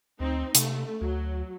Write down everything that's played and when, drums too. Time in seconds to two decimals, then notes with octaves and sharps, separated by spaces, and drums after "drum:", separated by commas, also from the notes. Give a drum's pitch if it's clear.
0.20 D2 C4 D#4
0.55 C3 A3, drum: hi-hat
1.01 D2 F#3